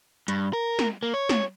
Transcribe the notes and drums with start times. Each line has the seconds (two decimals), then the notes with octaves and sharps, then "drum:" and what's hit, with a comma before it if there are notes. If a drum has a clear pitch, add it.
0.28 G2, drum: hi-hat
0.53 A#4
0.79 drum: snare
1.03 A#3
1.14 C#5
1.29 drum: snare